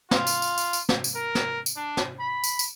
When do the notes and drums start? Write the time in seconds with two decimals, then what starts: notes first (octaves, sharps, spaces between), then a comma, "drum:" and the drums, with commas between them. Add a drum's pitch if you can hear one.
0.11 F4, drum: snare
0.27 drum: tambourine
0.42 drum: tambourine
0.58 drum: tambourine
0.73 drum: tambourine
0.89 drum: snare
1.04 drum: tambourine
1.16 A#4
1.35 drum: snare
1.66 drum: tambourine
1.77 D4
1.97 drum: snare
2.20 B5
2.44 drum: tambourine
2.59 drum: tambourine